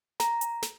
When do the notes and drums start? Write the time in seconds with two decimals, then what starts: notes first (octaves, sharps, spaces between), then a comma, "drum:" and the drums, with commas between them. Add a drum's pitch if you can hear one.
0.20 A#5, drum: snare
0.41 drum: hi-hat
0.63 drum: snare